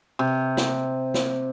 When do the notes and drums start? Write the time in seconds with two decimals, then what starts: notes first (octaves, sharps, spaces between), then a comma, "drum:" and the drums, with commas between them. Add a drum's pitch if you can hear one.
0.19 C3
0.57 drum: snare
1.14 drum: snare